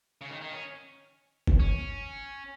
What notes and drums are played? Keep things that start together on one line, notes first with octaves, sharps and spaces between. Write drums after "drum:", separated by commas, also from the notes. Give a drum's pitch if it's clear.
C#3
D#3
D#3
C#4
drum: kick
C#4